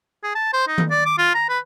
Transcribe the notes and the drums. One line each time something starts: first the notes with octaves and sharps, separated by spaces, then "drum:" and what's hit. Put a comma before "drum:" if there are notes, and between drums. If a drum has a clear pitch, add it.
G#4
A5
C5
D#4
drum: tom D#3
D5
D6
F4
A#5
B4